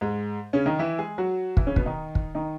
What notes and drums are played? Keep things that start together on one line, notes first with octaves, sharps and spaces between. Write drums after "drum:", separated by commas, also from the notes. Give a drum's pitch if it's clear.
G#2 G#3
C#3 C#4
D#3 D#4
E3 E4
G#3 G#4
F#3 F#4
E3 E4, drum: kick
C#3 C#4
B2 B3, drum: kick
D#3 D#4
drum: kick
D#3 D#4